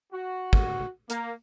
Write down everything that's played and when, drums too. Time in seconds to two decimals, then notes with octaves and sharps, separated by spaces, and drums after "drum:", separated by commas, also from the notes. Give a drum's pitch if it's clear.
0.13 F#4
0.53 drum: kick
1.10 A#3, drum: hi-hat